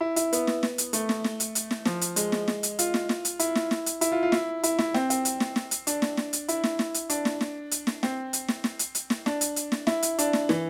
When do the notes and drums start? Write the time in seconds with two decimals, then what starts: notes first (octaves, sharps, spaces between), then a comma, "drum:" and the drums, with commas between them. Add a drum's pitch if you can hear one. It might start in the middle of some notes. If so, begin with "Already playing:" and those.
0.01 E4
0.16 E4, drum: hi-hat
0.33 B3, drum: hi-hat
0.47 drum: snare
0.63 drum: snare
0.78 drum: hi-hat
0.93 A3, drum: hi-hat
1.09 drum: snare
1.24 drum: snare
1.40 drum: hi-hat
1.55 drum: hi-hat
1.71 drum: snare
1.85 F3, drum: snare
2.01 drum: hi-hat
2.16 G#3, drum: hi-hat
2.32 drum: snare
2.48 drum: snare
2.63 drum: hi-hat
2.79 F4, drum: hi-hat
2.94 drum: snare
3.09 drum: snare
3.25 drum: hi-hat
3.39 E4, drum: hi-hat
3.55 drum: snare
3.71 drum: snare
3.86 drum: hi-hat
4.01 E4, drum: hi-hat
4.12 F4
4.23 F4
4.32 E4, drum: snare
4.63 E4, drum: hi-hat
4.79 E4, drum: snare
4.94 C4, drum: snare
5.10 C4, drum: hi-hat
5.25 drum: hi-hat
5.40 drum: snare
5.56 drum: snare
5.71 drum: hi-hat
5.87 D4, drum: hi-hat
6.02 drum: snare
6.17 drum: snare
6.33 drum: hi-hat
6.48 E4, drum: hi-hat
6.64 drum: snare
6.79 drum: snare
6.94 drum: hi-hat
7.10 D4, drum: hi-hat
7.25 drum: snare
7.41 drum: snare
7.71 drum: hi-hat
7.87 drum: snare
8.03 C4, drum: snare
8.33 drum: hi-hat
8.48 drum: snare
8.64 drum: snare
8.79 drum: hi-hat
8.95 drum: hi-hat
9.10 drum: snare
9.26 D4, drum: snare
9.41 drum: hi-hat
9.56 drum: hi-hat
9.72 drum: snare
9.87 E4, drum: snare
10.02 drum: hi-hat
10.19 D4, drum: hi-hat
10.33 drum: snare
10.49 E3, drum: snare